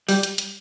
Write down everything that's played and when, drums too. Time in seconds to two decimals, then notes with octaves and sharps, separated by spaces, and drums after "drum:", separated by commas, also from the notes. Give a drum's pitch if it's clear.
0.09 G3, drum: open hi-hat
0.23 drum: hi-hat
0.38 drum: hi-hat